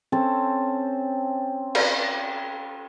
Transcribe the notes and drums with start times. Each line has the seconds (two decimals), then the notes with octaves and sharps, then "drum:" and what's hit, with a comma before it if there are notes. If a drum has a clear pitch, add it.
0.12 C4 C#4 A4
1.75 drum: cymbal